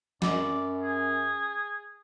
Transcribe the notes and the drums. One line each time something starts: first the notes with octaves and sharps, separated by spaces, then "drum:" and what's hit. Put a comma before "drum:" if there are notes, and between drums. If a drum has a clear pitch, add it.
F#2 D5, drum: snare
G#4